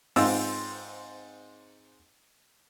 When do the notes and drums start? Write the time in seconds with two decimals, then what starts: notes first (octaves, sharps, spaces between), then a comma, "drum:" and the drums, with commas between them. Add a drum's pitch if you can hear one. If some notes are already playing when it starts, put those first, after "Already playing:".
0.16 G#2 C4 F4 E6, drum: open hi-hat